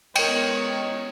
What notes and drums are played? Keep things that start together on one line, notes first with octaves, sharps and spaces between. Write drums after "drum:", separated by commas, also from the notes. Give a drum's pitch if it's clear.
G#3 B3 A#4 C#5 D#5 G5, drum: cymbal